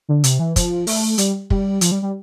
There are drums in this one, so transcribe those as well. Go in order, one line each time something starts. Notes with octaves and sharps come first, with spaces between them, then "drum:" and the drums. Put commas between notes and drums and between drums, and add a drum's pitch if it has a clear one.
D3
C3, drum: hi-hat
E3
F3, drum: kick, hi-hat
A3, drum: open hi-hat
G3, drum: hi-hat
G3, drum: kick
F3, drum: hi-hat
G3
G3